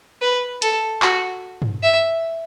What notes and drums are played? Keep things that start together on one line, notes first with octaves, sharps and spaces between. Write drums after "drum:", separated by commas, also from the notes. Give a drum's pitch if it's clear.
B4
A4, drum: hi-hat
F#4, drum: clap
drum: tom G2
E5